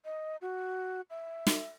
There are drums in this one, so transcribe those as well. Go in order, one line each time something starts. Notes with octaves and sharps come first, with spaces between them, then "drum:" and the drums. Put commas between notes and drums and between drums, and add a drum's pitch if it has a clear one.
D#5
F#4
E5
drum: snare